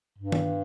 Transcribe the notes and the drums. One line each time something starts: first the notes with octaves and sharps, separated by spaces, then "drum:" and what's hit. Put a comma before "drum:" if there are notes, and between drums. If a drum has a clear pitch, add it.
G2
drum: tom D#3